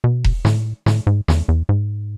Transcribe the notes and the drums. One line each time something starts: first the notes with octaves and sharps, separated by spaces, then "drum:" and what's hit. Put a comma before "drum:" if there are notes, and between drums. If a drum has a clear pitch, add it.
B2
drum: kick E1
A2, drum: snare
A2, drum: snare
G#2
E2, drum: snare
E2
G#2